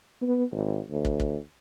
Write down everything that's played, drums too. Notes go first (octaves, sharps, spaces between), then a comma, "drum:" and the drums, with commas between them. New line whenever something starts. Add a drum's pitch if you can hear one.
B3
G#1
D2
drum: kick
drum: kick